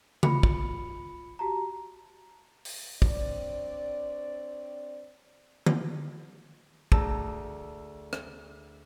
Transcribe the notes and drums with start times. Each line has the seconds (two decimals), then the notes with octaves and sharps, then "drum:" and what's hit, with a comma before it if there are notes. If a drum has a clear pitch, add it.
0.23 F4 B5 C#7, drum: tom C#3
0.43 drum: kick
1.39 F#4 G4 A5 A#5
2.65 drum: open hi-hat
3.02 C4 D4 C#5 D5, drum: kick
5.66 drum: tom D3
6.92 D2 G#4 A5 A#5 E6, drum: kick
8.13 drum: rim click